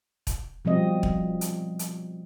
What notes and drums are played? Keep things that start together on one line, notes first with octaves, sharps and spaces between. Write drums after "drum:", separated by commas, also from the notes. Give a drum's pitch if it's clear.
drum: kick, hi-hat
B2 F3 G3 C4 D#5
drum: kick
drum: hi-hat
drum: hi-hat